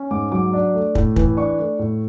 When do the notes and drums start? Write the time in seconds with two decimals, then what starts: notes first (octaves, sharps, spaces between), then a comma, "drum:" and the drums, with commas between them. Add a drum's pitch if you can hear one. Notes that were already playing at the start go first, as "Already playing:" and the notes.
Already playing: C#4
0.11 G#2 D6
0.32 F#3 D6
0.53 D4
0.74 A3
0.95 A2, drum: kick
1.16 E3, drum: kick
1.37 D4 C#6
1.59 A3
1.79 A2